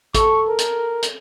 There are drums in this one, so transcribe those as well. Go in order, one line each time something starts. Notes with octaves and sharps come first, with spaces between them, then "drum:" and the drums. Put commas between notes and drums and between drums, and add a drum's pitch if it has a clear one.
A4 C#6, drum: kick A1, hi-hat
A#4
drum: hi-hat
drum: hi-hat